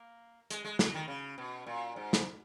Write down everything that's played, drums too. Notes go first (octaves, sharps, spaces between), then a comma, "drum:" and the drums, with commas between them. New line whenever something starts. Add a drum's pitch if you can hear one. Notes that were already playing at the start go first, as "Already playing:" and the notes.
Already playing: A#3
G#3, drum: hi-hat
G#3
F#3, drum: snare
D#3
C#3
B2
A#2
G#2
drum: snare